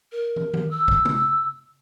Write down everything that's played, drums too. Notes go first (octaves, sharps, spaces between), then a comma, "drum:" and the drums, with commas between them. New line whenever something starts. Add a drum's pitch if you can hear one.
A#4
drum: tom
drum: tom D#3
E6
drum: kick
drum: tom